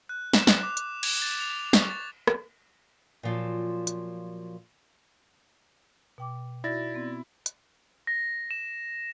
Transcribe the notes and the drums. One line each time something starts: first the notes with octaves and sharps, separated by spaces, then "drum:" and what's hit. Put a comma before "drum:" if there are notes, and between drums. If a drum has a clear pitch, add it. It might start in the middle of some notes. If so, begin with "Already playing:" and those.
F#6
E7, drum: snare
drum: snare
D6
drum: hi-hat
G#6, drum: cymbal
A6
F7
C#6, drum: snare
A6
drum: rim click
A#2 F3 F#3
drum: hi-hat
B2 G5 D6
D#4 E4 F#4 D5 A6 A#6
B3 C4
drum: hi-hat
A#6
E7